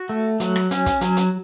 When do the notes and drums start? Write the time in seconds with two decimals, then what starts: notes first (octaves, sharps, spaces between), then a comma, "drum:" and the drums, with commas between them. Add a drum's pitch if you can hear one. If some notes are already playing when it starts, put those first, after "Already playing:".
Already playing: F#4
0.09 A3
0.40 F#3, drum: hi-hat
0.56 drum: rim click
0.71 C#4, drum: hi-hat
0.86 drum: kick, hi-hat
1.01 F#3, drum: hi-hat
1.17 drum: hi-hat